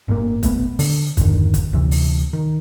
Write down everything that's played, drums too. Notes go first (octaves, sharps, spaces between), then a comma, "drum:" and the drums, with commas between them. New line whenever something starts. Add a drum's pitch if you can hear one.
G1 A2 D#3 A#3
D#1 A3 B3, drum: kick, hi-hat
D3, drum: open hi-hat
E2 G2 D3 D#3, drum: kick, hi-hat
drum: kick, hi-hat
D2 C3 E3
drum: open hi-hat
D#3